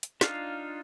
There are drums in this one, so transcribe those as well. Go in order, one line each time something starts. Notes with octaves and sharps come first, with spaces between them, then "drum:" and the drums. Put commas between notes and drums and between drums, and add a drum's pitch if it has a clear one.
drum: hi-hat
D4 D#4 F4 F5, drum: snare